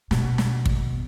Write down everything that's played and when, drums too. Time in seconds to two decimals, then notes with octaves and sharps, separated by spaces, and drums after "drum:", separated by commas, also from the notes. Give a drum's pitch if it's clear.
0.11 B2, drum: snare
0.38 drum: snare
0.66 drum: kick